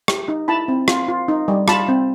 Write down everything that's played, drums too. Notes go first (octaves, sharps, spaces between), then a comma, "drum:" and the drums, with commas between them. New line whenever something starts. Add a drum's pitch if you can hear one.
G4, drum: rim click
D#4
E4 A5 B5
C4
F4, drum: rim click
F4
D#4
G3
F4 A5 B5, drum: rim click
C4